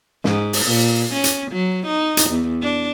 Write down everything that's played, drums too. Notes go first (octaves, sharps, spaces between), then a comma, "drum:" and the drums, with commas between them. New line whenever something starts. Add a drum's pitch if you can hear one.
G#2, drum: snare
drum: open hi-hat
A#2
C#4
drum: hi-hat
F#3
D#4
drum: hi-hat
E2
D4